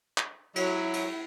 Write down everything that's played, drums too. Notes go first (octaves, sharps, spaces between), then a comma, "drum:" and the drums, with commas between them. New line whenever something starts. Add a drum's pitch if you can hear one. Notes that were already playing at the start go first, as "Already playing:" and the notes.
drum: clap
F#3 E4, drum: cymbal
drum: cymbal